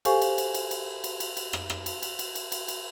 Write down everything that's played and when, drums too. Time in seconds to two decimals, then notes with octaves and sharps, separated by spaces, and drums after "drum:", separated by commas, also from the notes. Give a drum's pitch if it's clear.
0.05 G4 A4 C5 F5 G#5 C#6, drum: cymbal
0.22 drum: cymbal
0.38 drum: cymbal
0.54 drum: cymbal
0.71 drum: cymbal
1.04 drum: cymbal
1.20 drum: cymbal
1.37 drum: cymbal
1.53 drum: rim click
1.70 drum: rim click
1.86 drum: cymbal
2.03 drum: cymbal
2.19 drum: cymbal
2.35 drum: cymbal
2.52 drum: cymbal
2.68 drum: cymbal